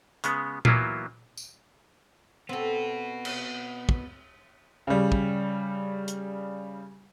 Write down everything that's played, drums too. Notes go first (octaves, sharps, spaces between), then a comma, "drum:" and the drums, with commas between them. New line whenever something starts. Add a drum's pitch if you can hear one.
C#3 G#3 B3, drum: hi-hat
E3 F#3 A#3 B3 E4 F4, drum: tom A#2
drum: tambourine
B3 C4 F#4 A4
drum: cymbal
drum: kick
C#3 G3
drum: kick
drum: hi-hat